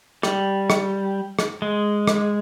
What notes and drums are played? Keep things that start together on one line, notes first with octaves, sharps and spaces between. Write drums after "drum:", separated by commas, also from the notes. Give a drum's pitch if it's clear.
G3, drum: rim click
drum: rim click
drum: rim click
G#3
drum: rim click